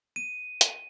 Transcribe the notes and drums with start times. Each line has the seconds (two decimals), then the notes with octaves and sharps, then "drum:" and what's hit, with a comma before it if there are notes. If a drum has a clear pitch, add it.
0.16 D#7
0.61 drum: hi-hat